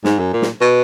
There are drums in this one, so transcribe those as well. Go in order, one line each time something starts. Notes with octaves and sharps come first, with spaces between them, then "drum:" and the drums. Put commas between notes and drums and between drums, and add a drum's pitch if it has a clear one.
G#2, drum: snare
F#2
A#2
drum: snare
B2